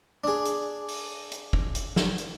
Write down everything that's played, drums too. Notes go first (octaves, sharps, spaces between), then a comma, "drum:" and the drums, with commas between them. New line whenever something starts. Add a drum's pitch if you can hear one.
D4 G#4
drum: hi-hat
drum: open hi-hat
drum: hi-hat
drum: kick
drum: hi-hat
drum: snare
drum: hi-hat